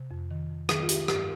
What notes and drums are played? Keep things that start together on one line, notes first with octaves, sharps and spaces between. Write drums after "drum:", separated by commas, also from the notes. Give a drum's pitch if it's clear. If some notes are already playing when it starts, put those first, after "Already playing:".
Already playing: C3
F2
D#3
F2
D#3 G#4, drum: rim click
F4
D#3 G4, drum: hi-hat
G2 G4, drum: rim click